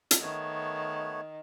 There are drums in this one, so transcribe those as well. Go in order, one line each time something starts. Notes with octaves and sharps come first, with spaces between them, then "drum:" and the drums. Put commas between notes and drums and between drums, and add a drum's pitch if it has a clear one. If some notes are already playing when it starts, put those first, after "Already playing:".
drum: hi-hat
D#3 A3 B3 C#5